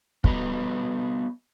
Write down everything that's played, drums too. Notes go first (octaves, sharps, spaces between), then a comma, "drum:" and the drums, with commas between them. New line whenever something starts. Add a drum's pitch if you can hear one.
G3 B3 F#4 B4 D#5 A#5, drum: kick